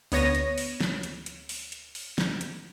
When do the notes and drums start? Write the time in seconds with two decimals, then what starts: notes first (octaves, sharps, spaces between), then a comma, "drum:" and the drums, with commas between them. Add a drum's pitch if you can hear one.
0.12 D2 B3 C#5 A#6 D#7, drum: open hi-hat
0.35 drum: hi-hat
0.58 drum: open hi-hat
0.80 drum: snare
1.03 drum: hi-hat
1.26 drum: hi-hat
1.49 drum: open hi-hat
1.72 drum: hi-hat
1.95 drum: open hi-hat
2.18 drum: snare
2.41 drum: hi-hat